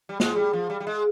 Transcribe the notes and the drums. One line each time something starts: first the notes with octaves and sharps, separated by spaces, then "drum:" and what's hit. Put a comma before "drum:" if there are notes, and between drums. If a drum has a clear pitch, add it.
G3
G#3, drum: snare
G3
F3
G3
G3
G#3